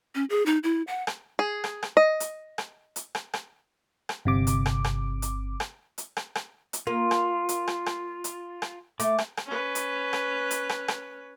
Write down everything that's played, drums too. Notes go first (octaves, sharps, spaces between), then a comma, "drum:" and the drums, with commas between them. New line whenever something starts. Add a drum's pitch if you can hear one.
C#4
G#4
D#4
E4
F#5
drum: rim click
G#4
drum: rim click
drum: rim click
D#5
drum: hi-hat
drum: rim click
drum: hi-hat
drum: rim click
drum: rim click
drum: rim click
G1 C3 D6
drum: hi-hat
drum: rim click
drum: rim click
drum: hi-hat
drum: rim click
drum: hi-hat
drum: rim click
drum: rim click
drum: hi-hat
A#3 F4
drum: rim click
drum: hi-hat
drum: rim click
drum: rim click
drum: hi-hat
drum: rim click
A3 D6, drum: hi-hat
drum: rim click
drum: rim click
C#4 B4
drum: hi-hat
drum: rim click
drum: hi-hat
drum: rim click
drum: rim click